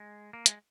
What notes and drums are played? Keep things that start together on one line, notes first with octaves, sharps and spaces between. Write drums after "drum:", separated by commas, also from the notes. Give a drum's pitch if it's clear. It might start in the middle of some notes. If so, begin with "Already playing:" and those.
Already playing: G#3
A#3
G#3, drum: hi-hat